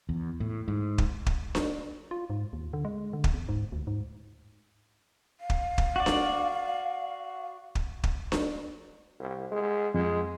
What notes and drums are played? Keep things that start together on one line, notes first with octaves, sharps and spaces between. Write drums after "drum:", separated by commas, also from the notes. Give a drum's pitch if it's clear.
E2
A2
G#2
drum: kick
drum: kick
drum: snare D4
F4
G#2
D#2
D3
G#3
D3
drum: kick
E2
G#2
D2
G#2
F5
drum: kick
drum: kick
F#4 D5
drum: snare D4
drum: kick
drum: kick
drum: snare D4
C2
G#3
F2 G#3